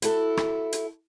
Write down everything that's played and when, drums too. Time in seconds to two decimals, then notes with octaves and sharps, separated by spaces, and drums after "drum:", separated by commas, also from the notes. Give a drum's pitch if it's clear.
0.02 E4 F#4 A4, drum: hi-hat
0.37 drum: rim click
0.73 drum: hi-hat